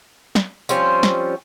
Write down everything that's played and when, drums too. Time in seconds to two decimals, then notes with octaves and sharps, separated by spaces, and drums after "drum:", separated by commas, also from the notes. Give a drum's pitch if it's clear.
0.35 drum: snare
0.69 F3 G3 C4 C#4, drum: tambourine
1.03 drum: snare